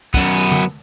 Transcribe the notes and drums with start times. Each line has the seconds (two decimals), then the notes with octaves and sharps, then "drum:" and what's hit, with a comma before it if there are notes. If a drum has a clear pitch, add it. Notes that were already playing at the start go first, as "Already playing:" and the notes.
0.14 F#2 B3, drum: kick
0.52 drum: tom D3